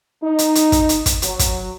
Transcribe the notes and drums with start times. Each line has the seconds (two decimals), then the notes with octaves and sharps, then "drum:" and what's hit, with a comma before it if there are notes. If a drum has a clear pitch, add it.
0.22 D#4
0.39 drum: hi-hat
0.55 drum: hi-hat
0.72 drum: kick, hi-hat
0.89 drum: hi-hat
1.06 drum: kick, hi-hat
1.22 F#3, drum: hi-hat
1.39 drum: kick, hi-hat